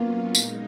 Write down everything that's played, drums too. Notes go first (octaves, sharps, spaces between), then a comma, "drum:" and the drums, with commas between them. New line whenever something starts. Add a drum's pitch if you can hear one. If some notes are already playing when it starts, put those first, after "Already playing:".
Already playing: F#3 A#3 B3 C#4 F4
A#2 G#3 D#4, drum: tambourine